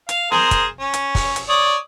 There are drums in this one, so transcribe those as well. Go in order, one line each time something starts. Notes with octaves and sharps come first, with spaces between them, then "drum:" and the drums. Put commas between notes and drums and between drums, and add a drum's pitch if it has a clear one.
F5, drum: hi-hat
G#4 A#4 C5, drum: snare
drum: kick, hi-hat
C#4
drum: hi-hat
drum: kick, open hi-hat
drum: hi-hat
C#5 D5 D#6